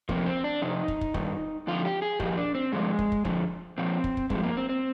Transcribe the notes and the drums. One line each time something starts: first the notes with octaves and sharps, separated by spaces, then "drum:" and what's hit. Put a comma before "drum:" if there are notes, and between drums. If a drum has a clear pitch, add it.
F2 C3 F3 A#3, drum: kick
C4
D4
F2 C3 D#4
drum: kick
drum: kick
G2 D#3, drum: kick
F2 D3 F3 F4
G4
G#4
A#2 F3 G4, drum: kick
D4
C4
G2 D3 F3 G#3
drum: kick
drum: kick
F2 D3 F3, drum: kick
A#2 F3 C4
drum: kick
drum: kick
G2 F3 G#3, drum: kick
A#3
C4
C4